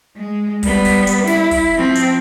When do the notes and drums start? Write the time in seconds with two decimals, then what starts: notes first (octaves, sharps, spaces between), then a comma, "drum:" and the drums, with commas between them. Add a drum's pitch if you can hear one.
0.16 G#3
0.63 G3 B3, drum: kick, open hi-hat
0.85 drum: kick, open hi-hat
1.07 drum: hi-hat
1.27 E4, drum: snare
1.51 drum: kick, open hi-hat
1.76 F3 C4
1.95 drum: hi-hat